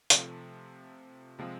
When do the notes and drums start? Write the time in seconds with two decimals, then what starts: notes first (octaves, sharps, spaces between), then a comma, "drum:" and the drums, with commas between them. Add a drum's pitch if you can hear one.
0.10 C3 F3 A3, drum: hi-hat
1.39 C3 F3 G#3 C4 F4